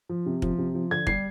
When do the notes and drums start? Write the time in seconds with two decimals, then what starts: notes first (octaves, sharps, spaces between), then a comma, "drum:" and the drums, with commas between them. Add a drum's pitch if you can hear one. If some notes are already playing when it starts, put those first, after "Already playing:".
0.09 F3
0.26 C3
0.42 F3, drum: kick
0.58 C3
0.75 F3
0.91 D3 G#6
1.07 G3 C7, drum: kick